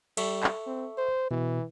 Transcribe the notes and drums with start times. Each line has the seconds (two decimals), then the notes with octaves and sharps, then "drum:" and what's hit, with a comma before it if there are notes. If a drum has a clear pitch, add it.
0.17 G3 A4 E5 C#6, drum: cymbal
0.43 drum: clap
0.67 C4
0.98 C5
1.31 B2 E3